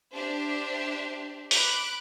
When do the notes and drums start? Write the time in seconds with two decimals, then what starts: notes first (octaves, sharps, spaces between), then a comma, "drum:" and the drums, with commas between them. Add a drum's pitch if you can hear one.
0.14 D4 G4 C5 E5
1.51 B5 D6 F#6, drum: open hi-hat